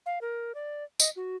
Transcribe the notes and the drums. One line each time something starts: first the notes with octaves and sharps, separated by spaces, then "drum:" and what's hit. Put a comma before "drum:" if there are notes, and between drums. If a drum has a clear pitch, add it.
F5
A#4
D5
D#5, drum: tambourine
F#4